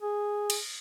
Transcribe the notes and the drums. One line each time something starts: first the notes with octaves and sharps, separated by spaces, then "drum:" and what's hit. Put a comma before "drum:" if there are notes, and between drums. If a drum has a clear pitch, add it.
G#4
drum: cymbal